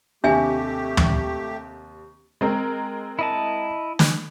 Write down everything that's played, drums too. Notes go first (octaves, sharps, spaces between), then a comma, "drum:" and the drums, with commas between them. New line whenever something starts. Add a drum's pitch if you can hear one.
D#2 C3 A3 D4 G4 E5 G#5
drum: tom
G#3 C4 A#4
E4 D#5 A5
drum: snare